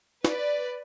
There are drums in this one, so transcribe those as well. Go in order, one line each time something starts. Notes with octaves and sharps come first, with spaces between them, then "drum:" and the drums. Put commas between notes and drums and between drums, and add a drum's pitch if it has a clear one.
B4 D5, drum: snare